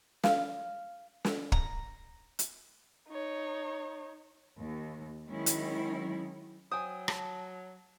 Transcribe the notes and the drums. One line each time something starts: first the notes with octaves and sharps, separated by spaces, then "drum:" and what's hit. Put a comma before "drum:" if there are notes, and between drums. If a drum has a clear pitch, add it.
F5, drum: snare
drum: snare
A#5, drum: kick
drum: hi-hat
D#4 C#5
D#2
D#3 F#3 G#3 C#4 E4
drum: hi-hat
F#3 C5 G5 G#5 D#6
A5, drum: rim click